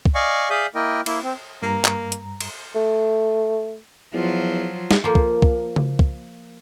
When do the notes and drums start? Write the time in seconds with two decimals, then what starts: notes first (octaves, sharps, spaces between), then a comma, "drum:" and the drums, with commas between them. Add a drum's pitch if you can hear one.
0.06 drum: kick
0.15 D5 D#5 F5 G#5 C#6
0.50 G#4 D5 E5 F5 D#6 G6
0.75 A#3 E4 A#4 D#5 G5
1.06 A#3 E4, drum: cymbal
1.23 C4
1.62 G2 A#3 A#5
1.85 drum: clap
2.12 drum: hi-hat
2.41 drum: cymbal
2.75 A3
4.14 E2 F3 F#3 F4
4.91 drum: snare
5.04 F3 A#3
5.15 drum: kick
5.42 drum: kick
5.76 drum: tom C#3
5.99 drum: kick